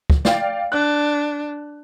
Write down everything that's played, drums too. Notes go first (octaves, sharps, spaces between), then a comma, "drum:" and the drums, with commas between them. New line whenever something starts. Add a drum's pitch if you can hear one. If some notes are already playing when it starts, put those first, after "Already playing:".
drum: kick
D5 F5 G5, drum: snare
D4 F#6